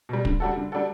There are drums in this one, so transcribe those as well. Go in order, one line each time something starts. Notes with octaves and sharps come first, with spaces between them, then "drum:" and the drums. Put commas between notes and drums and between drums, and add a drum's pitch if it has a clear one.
B2 G3
D3, drum: kick
G3 D4 F#4 A4
D3
G3 D4 F#4 A4